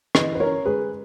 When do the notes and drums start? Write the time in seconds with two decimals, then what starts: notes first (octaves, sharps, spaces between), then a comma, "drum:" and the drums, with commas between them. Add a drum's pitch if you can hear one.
0.15 E3 B4 D#5, drum: rim click
0.35 B4
0.40 C#4 A#4 C#5
0.66 G#3 G#4 B4